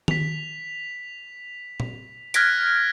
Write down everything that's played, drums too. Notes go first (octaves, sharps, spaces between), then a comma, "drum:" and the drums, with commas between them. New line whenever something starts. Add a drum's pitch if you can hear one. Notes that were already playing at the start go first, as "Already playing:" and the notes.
B6 F7, drum: tom D#3
drum: tom
F6 F#6 G#6 A#6 B6 D7, drum: hi-hat